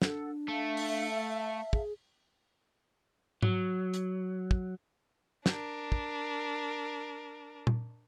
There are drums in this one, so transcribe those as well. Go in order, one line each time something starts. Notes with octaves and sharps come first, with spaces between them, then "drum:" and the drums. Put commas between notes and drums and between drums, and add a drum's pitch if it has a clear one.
D4 A4 F#5, drum: snare
A3 E5 F5 A5
drum: open hi-hat
G#4, drum: kick
F#3, drum: tom G#2
drum: hi-hat
drum: kick
D4 A#4, drum: snare
drum: kick
drum: tom A#2